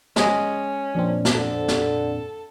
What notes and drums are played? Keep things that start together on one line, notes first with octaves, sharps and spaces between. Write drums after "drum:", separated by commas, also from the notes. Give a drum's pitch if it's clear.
G#3 C#4 G#4 D#5, drum: snare
F2 A#2 C4 D4
drum: snare
D3 A4
drum: snare